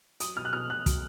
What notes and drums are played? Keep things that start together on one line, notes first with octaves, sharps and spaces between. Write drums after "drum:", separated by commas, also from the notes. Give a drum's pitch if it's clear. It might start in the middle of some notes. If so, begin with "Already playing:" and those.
F#3 D#6, drum: hi-hat
B2 F6
F#6
B2 F6
B2 F#6
F#3, drum: kick, hi-hat